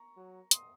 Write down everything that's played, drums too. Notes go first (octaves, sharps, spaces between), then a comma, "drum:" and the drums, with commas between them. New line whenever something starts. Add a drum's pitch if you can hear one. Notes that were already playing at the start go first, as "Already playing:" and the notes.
Already playing: A#5 C#6
F#3
C6 D#6, drum: hi-hat